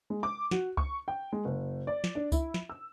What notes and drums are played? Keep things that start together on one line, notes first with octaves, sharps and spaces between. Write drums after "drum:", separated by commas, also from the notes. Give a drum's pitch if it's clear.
G#3
D6
F#4, drum: snare
C#6, drum: kick C#2
G5
G#3
F#1
D5
drum: snare
D4
E4, drum: kick C#2, tambourine
drum: snare
E6